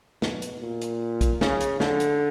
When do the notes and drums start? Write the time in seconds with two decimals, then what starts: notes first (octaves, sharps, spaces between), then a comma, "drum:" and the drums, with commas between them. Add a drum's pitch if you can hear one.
0.22 B2, drum: snare
0.42 drum: hi-hat
0.62 A#2
0.81 drum: hi-hat
1.21 drum: kick, hi-hat
1.41 C#3, drum: snare
1.60 drum: hi-hat
1.80 D3, drum: snare
2.00 drum: hi-hat